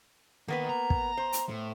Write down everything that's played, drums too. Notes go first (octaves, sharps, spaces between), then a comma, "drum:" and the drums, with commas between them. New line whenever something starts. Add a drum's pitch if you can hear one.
D#3 A#3 B3 B4
A#5
drum: kick
C5
drum: hi-hat
A2